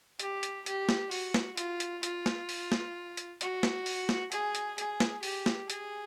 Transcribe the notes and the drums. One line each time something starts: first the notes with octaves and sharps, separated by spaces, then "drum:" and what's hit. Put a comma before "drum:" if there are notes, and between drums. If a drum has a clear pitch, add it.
G4, drum: hi-hat
drum: hi-hat
G4, drum: hi-hat
drum: snare
F#4, drum: open hi-hat
drum: snare
F4, drum: hi-hat
drum: hi-hat
F4, drum: hi-hat
drum: snare
drum: open hi-hat
drum: snare
drum: hi-hat
F#4, drum: hi-hat
drum: snare
drum: open hi-hat
drum: snare
G#4, drum: hi-hat
drum: hi-hat
G#4, drum: hi-hat
drum: snare
G4, drum: open hi-hat
drum: snare
G#4, drum: hi-hat